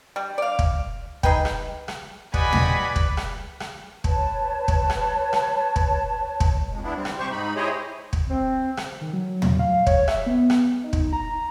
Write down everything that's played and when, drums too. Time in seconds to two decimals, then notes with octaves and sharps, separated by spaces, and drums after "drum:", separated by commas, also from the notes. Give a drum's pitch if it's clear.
0.16 G3
0.38 D5 F5
0.59 drum: kick
1.23 D#4 G#4 B4 G5, drum: kick
1.45 drum: rim click
1.88 drum: rim click
2.34 G4 B4 D5 D#5 F#5 G#5 B5 B6, drum: kick
2.53 drum: tom
2.96 drum: kick
3.17 drum: rim click
3.60 drum: rim click
4.04 B4 C#5 A5, drum: kick
4.68 drum: kick
4.90 drum: rim click
5.33 drum: rim click
5.76 drum: kick
6.40 drum: kick
6.69 F2 G#3
6.83 B3 D4 E4
6.96 G3 C4
7.05 drum: rim click
7.19 C3 G4 C5 C#6
7.31 G#2 D#4 B5
7.56 E4 G4 G#4 C5 C#5 D#5
8.13 drum: kick
8.28 C4
8.77 drum: rim click
9.01 D#3
9.13 F#3
9.42 drum: tom
9.59 F5
9.87 C#5, drum: kick
10.08 E5, drum: rim click
10.26 B3
10.50 drum: rim click
10.84 D#4
10.93 drum: kick
11.13 A#5